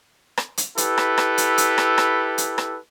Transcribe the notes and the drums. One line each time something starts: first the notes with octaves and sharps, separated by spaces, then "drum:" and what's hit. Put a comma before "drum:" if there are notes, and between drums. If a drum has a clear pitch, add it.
drum: rim click
drum: hi-hat
E4 G4 A4 B4, drum: hi-hat
drum: rim click
drum: rim click
drum: hi-hat
drum: hi-hat
drum: rim click
drum: rim click
drum: hi-hat
drum: rim click